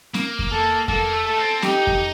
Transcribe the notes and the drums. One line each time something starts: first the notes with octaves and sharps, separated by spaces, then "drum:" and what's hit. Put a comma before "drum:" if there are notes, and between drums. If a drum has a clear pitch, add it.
A#3, drum: snare
drum: kick F2
A4
A#3 A4, drum: kick F2
A3
A4
C4
D#4 G4, drum: snare
drum: kick F2